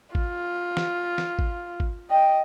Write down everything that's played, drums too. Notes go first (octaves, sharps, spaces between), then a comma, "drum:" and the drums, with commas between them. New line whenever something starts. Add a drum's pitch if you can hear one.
F4, drum: kick
drum: snare
drum: snare
drum: kick
drum: kick
D#5 G5